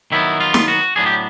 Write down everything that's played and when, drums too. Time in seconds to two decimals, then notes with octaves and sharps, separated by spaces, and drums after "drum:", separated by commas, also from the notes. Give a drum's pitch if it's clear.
0.12 D#3 F#3 B3 E4
0.40 F4
0.54 drum: snare
0.68 F#4
0.96 A2 F#3 B3 D4 G#4
1.06 G4